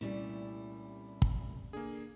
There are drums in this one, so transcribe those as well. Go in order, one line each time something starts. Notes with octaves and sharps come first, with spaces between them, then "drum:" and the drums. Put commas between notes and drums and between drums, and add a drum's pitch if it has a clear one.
C2 A#2 G3 A3 C#4 E4 D5
drum: kick
D3 A#3 G#4